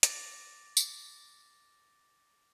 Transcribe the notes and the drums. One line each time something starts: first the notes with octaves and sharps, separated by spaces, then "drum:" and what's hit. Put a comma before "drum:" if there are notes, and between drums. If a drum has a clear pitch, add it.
D6 A6 A#6, drum: hi-hat
drum: tambourine